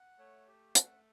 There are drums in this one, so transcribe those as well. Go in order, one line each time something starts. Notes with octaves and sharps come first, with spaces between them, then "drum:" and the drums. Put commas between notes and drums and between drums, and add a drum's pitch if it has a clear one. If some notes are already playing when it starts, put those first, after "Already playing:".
Already playing: F#5
A3 C#5
G4
F#5, drum: hi-hat